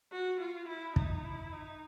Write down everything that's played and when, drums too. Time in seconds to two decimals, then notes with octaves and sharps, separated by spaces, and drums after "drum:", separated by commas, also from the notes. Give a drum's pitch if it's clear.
0.12 F#4
0.41 F4
0.68 E4
0.96 D#4, drum: kick
1.24 E4
1.53 D#4